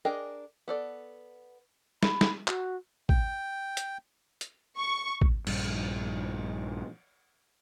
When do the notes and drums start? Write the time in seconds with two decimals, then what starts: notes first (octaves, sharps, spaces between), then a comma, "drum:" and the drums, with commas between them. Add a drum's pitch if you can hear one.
0.05 D4 G#4 A#4 D#5 G5
0.68 B3 A4 D5
2.03 B5, drum: snare
2.21 drum: snare
2.48 F#4, drum: clap
3.09 G5, drum: kick
3.77 drum: hi-hat
4.41 drum: hi-hat
4.77 C#6
5.21 drum: kick
5.47 A#1 G2, drum: cymbal